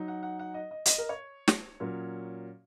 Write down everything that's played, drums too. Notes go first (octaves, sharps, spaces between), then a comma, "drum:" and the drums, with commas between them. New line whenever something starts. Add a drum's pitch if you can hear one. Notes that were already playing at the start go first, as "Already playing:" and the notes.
Already playing: F#3 D#4
F#5
F#5
F#5
D#5
D#5
D#5, drum: hi-hat
A#4
C#5
drum: snare
A#2 F#3 C#4